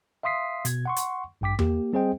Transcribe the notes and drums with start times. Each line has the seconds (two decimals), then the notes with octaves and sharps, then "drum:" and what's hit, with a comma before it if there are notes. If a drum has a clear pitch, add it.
0.23 E5 F5 C6 D#6 B6 C7
0.65 B2 G#6, drum: hi-hat
0.86 F#5 C6 C#6
0.96 drum: hi-hat
1.41 A1 G2 G5 D6 B6
1.59 A#3 G4, drum: tom E2
1.93 G3 C4 G#4 C5 D#5 G5